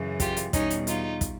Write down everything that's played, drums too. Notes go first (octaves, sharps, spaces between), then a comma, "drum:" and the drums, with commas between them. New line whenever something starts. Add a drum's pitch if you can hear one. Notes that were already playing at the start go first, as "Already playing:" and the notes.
Already playing: F#2 C#3 E3
F4 G4, drum: kick, hi-hat
drum: hi-hat
E2 B2 G3 C#4 D#4, drum: kick, hi-hat
drum: hi-hat
D#4 F4, drum: hi-hat
drum: kick, hi-hat